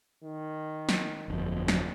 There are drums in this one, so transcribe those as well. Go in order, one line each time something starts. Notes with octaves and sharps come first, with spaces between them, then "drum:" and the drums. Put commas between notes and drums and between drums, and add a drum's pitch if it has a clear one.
D#3
drum: snare
G1 F2
drum: snare